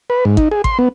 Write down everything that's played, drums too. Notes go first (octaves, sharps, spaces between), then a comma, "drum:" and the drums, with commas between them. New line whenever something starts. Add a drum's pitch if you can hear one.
B4
G#2
D#4, drum: kick
G#4
C6, drum: kick
B3